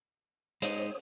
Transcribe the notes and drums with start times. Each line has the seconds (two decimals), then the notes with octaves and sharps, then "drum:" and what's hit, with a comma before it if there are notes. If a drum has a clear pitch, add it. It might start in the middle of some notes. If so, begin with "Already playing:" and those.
0.62 G#3 D#4 C5 C#5 D#6, drum: hi-hat